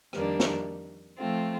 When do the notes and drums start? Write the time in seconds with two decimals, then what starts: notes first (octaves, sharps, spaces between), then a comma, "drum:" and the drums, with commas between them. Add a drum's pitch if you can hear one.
0.13 F2 D#3 G3 A#3 D4, drum: rim click
0.40 drum: snare
1.18 F3 A3 C4 F4